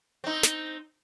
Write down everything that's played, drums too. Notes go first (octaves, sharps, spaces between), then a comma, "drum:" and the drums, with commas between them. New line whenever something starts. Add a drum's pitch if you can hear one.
C4 D#4
drum: snare